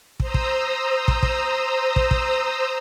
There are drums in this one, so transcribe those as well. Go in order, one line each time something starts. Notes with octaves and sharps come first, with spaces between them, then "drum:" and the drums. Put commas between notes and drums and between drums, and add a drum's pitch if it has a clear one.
C5 A#5 D#6 E6, drum: kick
drum: kick
drum: kick
drum: kick
drum: kick
drum: kick